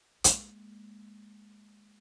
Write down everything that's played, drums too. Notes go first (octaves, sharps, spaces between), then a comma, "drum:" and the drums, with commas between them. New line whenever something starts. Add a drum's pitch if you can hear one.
G#3 A#3, drum: hi-hat